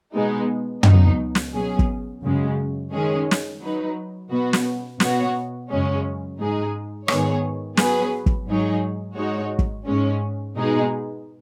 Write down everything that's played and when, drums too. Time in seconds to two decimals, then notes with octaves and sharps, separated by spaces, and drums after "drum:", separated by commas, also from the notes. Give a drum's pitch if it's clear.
0.14 B2 G#3 B3 D#4
0.83 C#2 B2 F#3 D#4, drum: tom
1.35 drum: snare
1.53 B2 F#3 C#4 G#4
1.79 drum: kick
2.23 F#2 C#3 G#3
2.92 D#3 G#3 C#4 G#4
3.31 drum: snare
3.61 F#3 D#4 B4
4.30 B2 B3 F#4 B4
4.53 drum: snare
5.00 B2 B3 F#4 C#5, drum: snare
5.70 F#2 C#3 G#3 C#4
6.39 G#2 G#3 D#4 G#4
7.08 G#2 D#3 B3 G#4 C#5, drum: rim click
7.77 F#3 B3 G#4 B4, drum: snare
8.26 drum: kick
8.47 G#2 F#3 D#4 G#4 C#5
9.16 G#2 G#3 D#4 F#4 C#5
9.59 drum: kick
9.86 G#2 G#3 C#4
10.56 B2 G#3 D#4 G#4